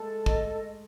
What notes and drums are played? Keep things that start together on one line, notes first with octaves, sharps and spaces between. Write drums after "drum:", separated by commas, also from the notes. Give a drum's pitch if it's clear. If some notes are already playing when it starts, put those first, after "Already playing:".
Already playing: G#3 A3 A4
D#5, drum: kick